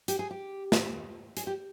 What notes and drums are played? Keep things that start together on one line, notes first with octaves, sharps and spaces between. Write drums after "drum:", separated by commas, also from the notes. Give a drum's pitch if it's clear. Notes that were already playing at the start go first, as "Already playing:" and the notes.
G4, drum: hi-hat
G#4
G4
drum: snare
G#4, drum: hi-hat
G4